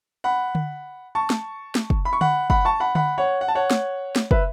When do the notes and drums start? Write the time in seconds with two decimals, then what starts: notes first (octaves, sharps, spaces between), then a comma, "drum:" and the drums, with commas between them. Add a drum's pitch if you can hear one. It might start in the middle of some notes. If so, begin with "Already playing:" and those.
0.24 F#5 B5
0.55 drum: tom D3
1.15 A5 C#6
1.30 drum: snare
1.75 drum: snare
1.90 drum: kick
2.05 B5
2.13 C#6
2.21 F#5 B5, drum: tom D3
2.50 F#5 B5, drum: kick
2.65 A5 C#6
2.80 F#5 B5
2.95 F#5 B5, drum: tom D3
3.18 C#5 F#5
3.41 F#5
3.48 A5
3.55 C#5 F#5
3.71 drum: snare
4.16 drum: snare
4.31 B4 E5, drum: kick